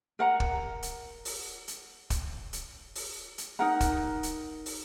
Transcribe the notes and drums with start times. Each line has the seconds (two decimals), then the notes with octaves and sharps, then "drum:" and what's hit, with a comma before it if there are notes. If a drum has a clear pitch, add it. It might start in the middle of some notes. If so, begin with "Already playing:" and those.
0.19 A#4 F#5 A#5
0.40 drum: kick
0.83 drum: hi-hat
1.25 drum: open hi-hat
1.68 drum: hi-hat
2.10 drum: kick, hi-hat
2.53 drum: hi-hat
2.95 drum: open hi-hat
3.38 drum: hi-hat
3.59 D#4 A#4 F#5 A#5
3.81 drum: kick, hi-hat
4.23 drum: hi-hat
4.66 drum: open hi-hat